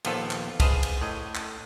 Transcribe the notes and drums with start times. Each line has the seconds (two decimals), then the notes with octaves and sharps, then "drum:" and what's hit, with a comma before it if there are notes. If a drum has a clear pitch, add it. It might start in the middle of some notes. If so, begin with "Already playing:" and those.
0.05 A#1 D#2 F3 B3 F4 A4, drum: cymbal
0.31 drum: clap
0.60 G#4 B4 C5 D#5 F5 A5, drum: kick, cymbal
0.83 drum: cymbal
1.01 A2 D#5
1.35 drum: clap